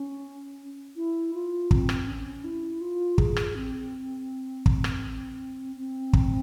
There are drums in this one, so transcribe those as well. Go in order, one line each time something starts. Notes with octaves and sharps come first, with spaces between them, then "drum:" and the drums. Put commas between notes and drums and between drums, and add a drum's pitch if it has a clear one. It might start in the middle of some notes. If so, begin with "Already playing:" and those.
Already playing: C#4
E4
F4
C4, drum: kick
drum: rim click
C#4
E4
F4
G#4, drum: kick
drum: rim click
C4
drum: kick
drum: rim click
C4
drum: kick